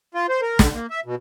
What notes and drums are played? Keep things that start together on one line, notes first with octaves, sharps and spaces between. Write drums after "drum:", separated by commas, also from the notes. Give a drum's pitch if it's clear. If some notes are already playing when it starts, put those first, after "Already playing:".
F4
C5
A#4
D3, drum: snare
A#3
E5
B2